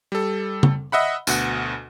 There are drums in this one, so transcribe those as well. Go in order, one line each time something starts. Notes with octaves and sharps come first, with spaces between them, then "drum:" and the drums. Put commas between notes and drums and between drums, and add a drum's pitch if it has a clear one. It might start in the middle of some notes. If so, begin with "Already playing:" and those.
G3 A4
drum: tom
D#5 E5 F#5 B5
D2 B2 F#5, drum: tambourine